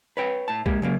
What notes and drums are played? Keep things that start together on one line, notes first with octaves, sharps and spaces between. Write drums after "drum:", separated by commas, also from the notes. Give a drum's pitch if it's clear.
B4 C#5 G5
A2 A5
G#3 A#3 G4, drum: kick B1
C#3 F#3 A#3